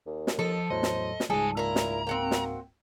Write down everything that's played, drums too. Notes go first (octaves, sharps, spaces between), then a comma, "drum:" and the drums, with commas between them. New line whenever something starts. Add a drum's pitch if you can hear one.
D#2
drum: snare
F3 A4 D#5
E2 A2 F#3 C5 D#5
drum: snare
drum: snare
C#2 G#2 G3 G#4 A4 G#5
A#2 E4 A#4 A#5
drum: snare
A#3 C4 F#4 G5
drum: snare